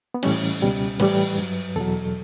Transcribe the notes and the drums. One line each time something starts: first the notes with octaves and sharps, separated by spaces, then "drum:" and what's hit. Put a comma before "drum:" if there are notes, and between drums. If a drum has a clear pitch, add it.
B3
A2 E3 G3 C#4, drum: cymbal
C#2 B2 G3
A2 E3 G3 B4, drum: cymbal
G2 F#3
E2 B2 F#3 A4